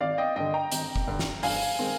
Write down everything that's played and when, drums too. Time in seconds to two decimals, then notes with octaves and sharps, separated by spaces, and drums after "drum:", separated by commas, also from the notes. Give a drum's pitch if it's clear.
0.01 G#1 D5 F5
0.18 D#5 G5
0.36 G2 D3 D#5 G5
0.54 G5 A#5
0.72 G#1, drum: hi-hat
0.96 drum: kick
1.08 G2 D3
1.19 drum: snare
1.43 G2 F5 G#5, drum: open hi-hat
1.79 D#3 G#3 C4